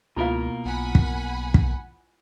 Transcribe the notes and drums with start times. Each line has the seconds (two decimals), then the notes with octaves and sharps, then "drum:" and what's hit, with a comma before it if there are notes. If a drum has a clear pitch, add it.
0.17 C#2 B2 A#3 E4 F4 A#4 F5
0.65 B1 F#5 G#5 B5
0.95 drum: kick
1.54 drum: kick